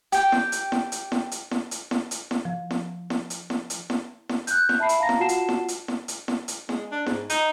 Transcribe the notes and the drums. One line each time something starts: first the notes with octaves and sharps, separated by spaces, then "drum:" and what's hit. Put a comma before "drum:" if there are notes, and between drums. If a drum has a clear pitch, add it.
G4 G5, drum: hi-hat
drum: snare E4
drum: hi-hat
drum: snare E4
drum: hi-hat
drum: snare E4
drum: hi-hat
drum: snare E4
drum: hi-hat
drum: snare E4
drum: hi-hat
drum: snare E4
F3
drum: snare E4
drum: snare E4
drum: hi-hat
drum: snare E4
drum: hi-hat
drum: snare E4
drum: snare E4
F#6 G6, drum: hi-hat
drum: snare E4
E5 A5 B5 C7
drum: hi-hat
F5 A5 A#5 A#6
drum: snare E4
F4 F#4 F#5 A5 C7 E7
drum: hi-hat
drum: snare E4
drum: hi-hat
drum: snare E4
drum: hi-hat
drum: snare E4
drum: hi-hat
G#3, drum: snare E4
D4
G#2, drum: snare E4
D#4, drum: hi-hat